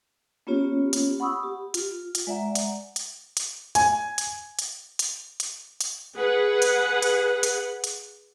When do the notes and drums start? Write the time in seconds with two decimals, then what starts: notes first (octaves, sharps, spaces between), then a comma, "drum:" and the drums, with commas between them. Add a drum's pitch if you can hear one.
0.47 A#3 B3 C#4 F4 G4 C#5
0.93 drum: hi-hat
1.20 F#5 B5 C#6 D#6 E6
1.43 G4
1.74 F4, drum: hi-hat
2.15 drum: hi-hat
2.27 G#3 D5 E5 F#5 A#5
2.55 drum: hi-hat
2.96 drum: hi-hat
3.37 drum: hi-hat
3.75 G#5, drum: hi-hat
4.18 drum: hi-hat
4.59 drum: hi-hat
4.99 drum: hi-hat
5.40 drum: hi-hat
5.81 drum: hi-hat
6.15 G#4 B4 F#5
6.62 drum: hi-hat
7.02 drum: hi-hat
7.43 drum: hi-hat
7.84 drum: hi-hat